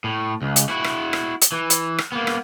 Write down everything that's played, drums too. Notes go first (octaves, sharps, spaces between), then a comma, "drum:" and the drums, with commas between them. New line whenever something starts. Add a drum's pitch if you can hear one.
A2
C#2
drum: hi-hat
E4 F#4
drum: rim click
drum: rim click
drum: hi-hat
E3
drum: hi-hat
drum: rim click
A#3 B3
drum: rim click